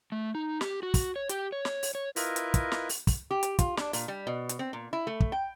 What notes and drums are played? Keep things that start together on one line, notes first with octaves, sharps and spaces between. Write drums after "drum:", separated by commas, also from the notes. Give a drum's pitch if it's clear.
A3
D#4
G4, drum: snare
F#4
drum: kick, open hi-hat
C#5
G4, drum: hi-hat
C#5
drum: snare
drum: open hi-hat
C#5
E4 F4 A#4 B4 D#5 E5, drum: open hi-hat
drum: hi-hat
drum: kick, hi-hat
drum: snare
drum: open hi-hat
drum: kick, open hi-hat
G4
drum: hi-hat
F4, drum: kick, hi-hat
D4, drum: snare
A#2, drum: open hi-hat
G3
B2
drum: hi-hat
C4
A#2
E4
A3
drum: kick
G5